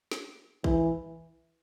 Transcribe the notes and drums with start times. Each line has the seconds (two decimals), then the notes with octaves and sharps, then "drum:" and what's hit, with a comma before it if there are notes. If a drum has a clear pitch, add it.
0.11 drum: snare
0.64 E3, drum: kick A#1